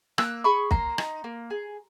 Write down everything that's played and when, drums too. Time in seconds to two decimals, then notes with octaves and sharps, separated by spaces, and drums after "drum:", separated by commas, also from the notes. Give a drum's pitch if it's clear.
0.18 A#3 E6 F#6, drum: rim click
0.44 G#4 B5 C#6
0.71 A#3 A#5 C6, drum: kick
0.98 D#4, drum: rim click
1.24 A#3
1.50 G#4